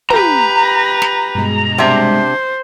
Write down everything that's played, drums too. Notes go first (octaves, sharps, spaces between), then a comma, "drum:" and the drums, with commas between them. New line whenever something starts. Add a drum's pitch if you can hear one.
G4 B4 A#5, drum: tom
drum: snare
G2 B2 G#3
C3 D4 C5 E5